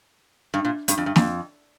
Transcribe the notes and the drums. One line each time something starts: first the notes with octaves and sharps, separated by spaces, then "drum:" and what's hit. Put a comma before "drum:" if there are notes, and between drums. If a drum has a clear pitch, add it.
G2
A#2
G2, drum: hi-hat
F2
G2
F2, drum: snare